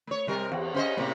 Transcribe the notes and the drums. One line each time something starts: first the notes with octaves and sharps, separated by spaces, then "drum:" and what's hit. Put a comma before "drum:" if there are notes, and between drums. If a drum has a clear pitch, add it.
A3 C#5
C3 G3 A#4
E2, drum: cymbal
C#4 C5 D#5
A2 C3 A#3